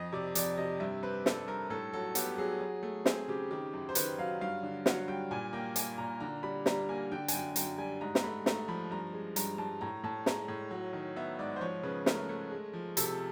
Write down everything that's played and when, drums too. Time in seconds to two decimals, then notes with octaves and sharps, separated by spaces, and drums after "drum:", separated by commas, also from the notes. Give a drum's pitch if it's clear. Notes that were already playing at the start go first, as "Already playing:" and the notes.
Already playing: F2 D#5
0.13 C3 D5
0.35 F2 D5, drum: hi-hat
0.58 C3 D#5
0.80 G2 E5
1.03 C4 B4
1.26 G2 A4, drum: snare
1.48 G2 A#4
1.70 A2 A4
1.93 F#3 A4
2.15 B3 G4, drum: hi-hat
2.38 F#3 G#4
2.61 F#3
2.83 A3
3.06 C4 G#4, drum: snare
3.28 C#3 G4
3.51 D#3 G4
3.73 F#2
3.89 C5
3.95 D#3 B4, drum: hi-hat
4.18 F#3 F5
4.41 G2 F5
4.63 D3
4.86 F#3 F#5, drum: snare
5.08 G2 G5
5.31 A#2 G#5
5.53 A#3 G5
5.76 A#3 G#5, drum: hi-hat
5.98 A#2 A#5
6.20 D3 A#5
6.43 G3 B5
6.66 G3 A#5, drum: snare
6.89 A#3 G#5
7.12 D3 G5
7.28 G#5, drum: hi-hat
7.33 F#2 G5
7.56 F#2 G5, drum: hi-hat
7.78 G3 G#5
8.01 G#2 A#5
8.15 A#5, drum: snare
8.23 A3 B5
8.46 A3 A#5, drum: snare
8.68 F3 B5
8.91 G2 A#5
9.13 G#3
9.36 G2 A#5, drum: hi-hat
9.58 G2 A5
9.81 A2 A#5
10.03 A2 A5
10.26 G#3 A#5, drum: snare
10.48 A2
10.71 F#3
10.93 D#3
11.16 B3 E5
11.39 G#2 D5
11.56 C5
11.61 F3 C#5
11.83 C#3 B4
12.06 A3 A#4, drum: snare
12.29 A3
12.51 G#3
12.74 F3
12.97 C3 A4, drum: hi-hat